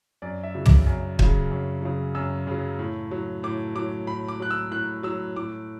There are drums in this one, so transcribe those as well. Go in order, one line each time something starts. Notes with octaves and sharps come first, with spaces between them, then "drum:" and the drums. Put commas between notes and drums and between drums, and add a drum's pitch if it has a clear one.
F#2 D5
E5
C#3 F#3
D6, drum: tom
F#2
C#3 F#3, drum: kick
F#2
C#3 F#3
F#2 E6
C#3 F#3
A2
F#3
A2 D6
F#3 D6
A2 B5
D6
F#3 F#6
E6
A2 F#6
F#3 E6
A2 D6